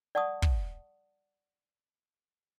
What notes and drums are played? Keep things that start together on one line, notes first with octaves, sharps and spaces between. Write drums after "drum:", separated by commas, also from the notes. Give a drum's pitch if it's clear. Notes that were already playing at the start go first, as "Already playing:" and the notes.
D5 F#5 A5 C#6 D#6
drum: kick